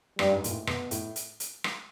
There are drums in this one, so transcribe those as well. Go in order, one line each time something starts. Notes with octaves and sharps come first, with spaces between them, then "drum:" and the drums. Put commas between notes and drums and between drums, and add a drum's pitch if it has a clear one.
G2 G3, drum: rim click
G2
G#2
A#2, drum: hi-hat
A2
B2, drum: rim click
A2, drum: hi-hat
drum: hi-hat
drum: hi-hat
drum: rim click